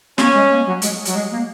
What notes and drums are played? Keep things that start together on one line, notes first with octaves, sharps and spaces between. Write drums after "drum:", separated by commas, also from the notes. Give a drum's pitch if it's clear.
A#3 C#4, drum: snare
G#3
A#3
F#3
G#3, drum: hi-hat
F#3, drum: hi-hat
G#3
A#3